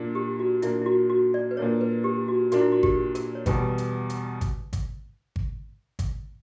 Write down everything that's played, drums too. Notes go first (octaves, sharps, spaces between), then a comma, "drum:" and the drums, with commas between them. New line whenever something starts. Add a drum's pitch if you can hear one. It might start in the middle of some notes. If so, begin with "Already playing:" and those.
Already playing: A#2 A#3 D4
G4
F#4
A#2 A#3 D4 E4, drum: hi-hat
E4
F#4
F#4
D5
B4
A#2 A#3 D4 C#5
B4
G4
F#4
A#2 A#3 D4 F#4, drum: hi-hat
E4
F#4
G4, drum: kick G#1
A#4, drum: hi-hat
C#5
E2 B2 G3 B4, drum: kick G#1, hi-hat
drum: hi-hat
drum: hi-hat
drum: kick G#1, hi-hat
drum: kick G#1, hi-hat
drum: kick G#1
drum: kick G#1, hi-hat